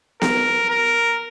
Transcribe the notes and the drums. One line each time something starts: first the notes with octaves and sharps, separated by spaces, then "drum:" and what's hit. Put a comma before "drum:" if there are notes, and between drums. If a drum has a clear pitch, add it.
A#4, drum: snare B3
A#4